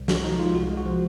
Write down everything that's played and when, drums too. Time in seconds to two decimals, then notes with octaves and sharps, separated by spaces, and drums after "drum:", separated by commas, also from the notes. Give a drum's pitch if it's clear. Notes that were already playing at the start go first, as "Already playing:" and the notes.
Already playing: C2
0.08 G#3 F#4, drum: snare
0.24 F3 D#4
0.39 G#3 F4
0.54 C2 F#4
0.71 G#3
0.77 F#4
0.85 F3